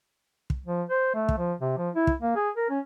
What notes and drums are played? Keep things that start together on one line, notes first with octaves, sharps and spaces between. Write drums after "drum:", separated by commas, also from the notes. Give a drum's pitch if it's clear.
drum: kick
F3
C5
A3
drum: kick
F3
C3
F3
E4
drum: kick
A#3
G#4
A#4
C#4